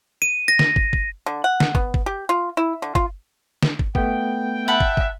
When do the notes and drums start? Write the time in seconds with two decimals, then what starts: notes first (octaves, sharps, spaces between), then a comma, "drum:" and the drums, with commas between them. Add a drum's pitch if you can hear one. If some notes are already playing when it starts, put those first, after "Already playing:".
0.22 D#7
0.48 A#6
0.59 drum: snare
0.76 drum: kick
0.93 drum: kick
1.26 D3
1.44 F#5
1.60 drum: snare
1.75 B3, drum: kick
1.94 drum: kick
2.06 G4
2.29 F4
2.57 E4
2.82 D3
2.95 F4, drum: kick
3.63 drum: snare
3.79 drum: kick
3.95 A3 B3 G5, drum: kick
4.68 E5 F#5 A5 B5
4.80 drum: kick
4.97 drum: kick